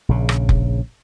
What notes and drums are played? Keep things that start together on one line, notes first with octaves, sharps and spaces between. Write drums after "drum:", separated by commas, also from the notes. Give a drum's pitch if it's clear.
A#1 C#3
drum: rim click
drum: kick F1